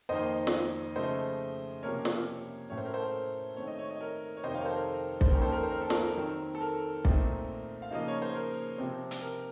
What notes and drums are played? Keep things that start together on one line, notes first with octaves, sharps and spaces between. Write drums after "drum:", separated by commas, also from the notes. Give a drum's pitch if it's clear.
F2 D#3 A#3 D#4 C5 D#5
drum: snare
C#3 F3 A3 C5 D#5
C3 F3 A#3 C#4 A#4 C#5
drum: snare
A2 F#3 A3 C#4 C#5
C5
A#4
A4 C5
D#3 A3 C4 C#5
D#5
C#5
D#5
A#4 C#5
C#5
F2 C3 D#3 C5 D#5
C#5 F5
A#4
A4 C5
A#4
C5, drum: kick B1
F2 D#3 F#3 A#3 C#4 A#4
A4 C5
A#4
C5
A#4
A4
A#4, drum: snare
D#3 F#3 C4
A4
A#4
A#2 A3 C4 D#4, drum: kick B1
F5
C#3 F3 A#3 D#4 D#5
C#5
C5
A#4
C3 F3 C4
drum: hi-hat
A#4